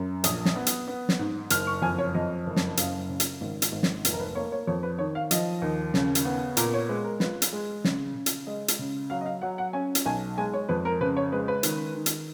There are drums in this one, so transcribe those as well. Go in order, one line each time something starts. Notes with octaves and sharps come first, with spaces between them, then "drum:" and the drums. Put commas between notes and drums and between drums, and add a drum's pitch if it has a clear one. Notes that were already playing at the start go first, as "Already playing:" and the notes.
Already playing: F#2
A#1 D#6, drum: hi-hat
drum: snare
B3
drum: hi-hat
B3
drum: snare
G#2
F#1 F6, drum: hi-hat
C#6
F2 G#5
C#5
F2 D#5
F#1
drum: snare
F#2 F5, drum: hi-hat
C#3
drum: hi-hat
G#1
drum: hi-hat
G#1
drum: snare
F1, drum: hi-hat
A#4
B4
A#3 C#5
C#5
F2 C#5
B4
D#3 C#5
F5
F3 D#5, drum: hi-hat
D#2
C#3, drum: snare
drum: hi-hat
B3
A#2 A#4, drum: hi-hat
C#5
G#3 B4
A#4
F4 B4, drum: snare
drum: hi-hat
G#3
C#3, drum: snare
C#3
drum: hi-hat
G#3 D#5
drum: hi-hat
C#3
F#3 F5
D#5
F5
F#3 F#5
F#5
C#4 G#5
drum: hi-hat
B1 G#5
G#3 G#5
C#5
F2 B4
A#4
C#3 B4
C#5
G#3 B4
B4
D#3, drum: hi-hat
D#3
drum: hi-hat